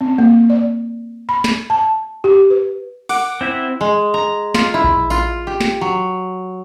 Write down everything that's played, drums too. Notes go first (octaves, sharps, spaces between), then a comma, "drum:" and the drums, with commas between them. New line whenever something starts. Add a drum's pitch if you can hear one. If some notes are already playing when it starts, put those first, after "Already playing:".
C4
A#3
D5
B5
drum: snare
A5
G4
B4
F#5 D6, drum: open hi-hat
C4 E4 E5
G#3
A#5
F4, drum: snare
E4
drum: kick A#1
F4, drum: tambourine
G4
drum: snare
F#3